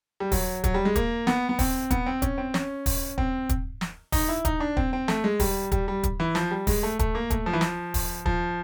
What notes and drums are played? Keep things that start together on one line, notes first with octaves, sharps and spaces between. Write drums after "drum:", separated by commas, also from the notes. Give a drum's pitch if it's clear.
G3
F#3, drum: kick, open hi-hat
F#3, drum: kick, hi-hat
G3
G#3
A#3, drum: kick, hi-hat
B3, drum: snare
B3
C4, drum: kick, open hi-hat
B3, drum: kick, hi-hat
C4
C#4, drum: kick, hi-hat
C4
C#4, drum: snare
drum: kick, open hi-hat
C4, drum: kick
drum: kick, hi-hat
drum: snare
D#4, drum: kick, open hi-hat
E4
D#4, drum: kick, hi-hat
D4
C4, drum: kick
C4
A3, drum: snare
G#3
G3, drum: kick, open hi-hat
G3, drum: kick, hi-hat
G3
drum: kick, hi-hat
E3
F3, drum: snare
G3
G#3, drum: kick, open hi-hat
A3
A3, drum: kick, hi-hat
A#3
A3, drum: kick, hi-hat
F3
E3
F3, drum: snare
drum: kick, open hi-hat
F3, drum: kick